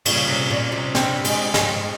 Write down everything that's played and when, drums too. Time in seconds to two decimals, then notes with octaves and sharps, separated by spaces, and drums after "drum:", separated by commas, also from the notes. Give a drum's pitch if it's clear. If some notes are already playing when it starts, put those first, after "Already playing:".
0.05 A#2 C#3 G3 C#4, drum: cymbal
0.28 C3
0.50 A#2
0.72 C3
0.95 G2 C3 G3 C4 G4, drum: snare
1.24 G#3, drum: cymbal
1.54 G#3, drum: snare